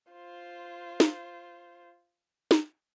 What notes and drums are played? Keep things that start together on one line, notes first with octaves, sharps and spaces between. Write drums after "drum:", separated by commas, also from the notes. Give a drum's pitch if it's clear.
F4 C5
drum: snare
drum: snare